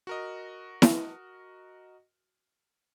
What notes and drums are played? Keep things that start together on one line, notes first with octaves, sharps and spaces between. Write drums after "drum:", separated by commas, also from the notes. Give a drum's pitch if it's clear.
F#4 A#4 D#5
drum: snare E4